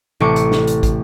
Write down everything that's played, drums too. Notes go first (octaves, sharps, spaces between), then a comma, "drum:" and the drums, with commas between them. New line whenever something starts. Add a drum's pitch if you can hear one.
A1 C3 A3 C#6 D6 C#7
drum: hi-hat
drum: snare
drum: hi-hat
drum: kick, hi-hat